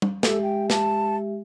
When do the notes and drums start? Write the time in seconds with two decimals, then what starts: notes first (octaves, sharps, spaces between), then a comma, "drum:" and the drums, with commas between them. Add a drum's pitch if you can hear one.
0.02 drum: tom G3
0.23 G#3 G4 A4 E5, drum: snare
0.43 G5
0.70 A5, drum: snare